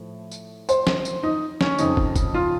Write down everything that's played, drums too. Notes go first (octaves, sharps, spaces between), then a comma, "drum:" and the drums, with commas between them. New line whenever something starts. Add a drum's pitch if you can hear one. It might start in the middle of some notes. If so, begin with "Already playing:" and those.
Already playing: A2 F3
drum: tambourine
C5, drum: tambourine
drum: snare
drum: tambourine
D#4
C#4, drum: snare
F2 C#3 F3 D#4, drum: tambourine
drum: kick
drum: kick, tambourine
F4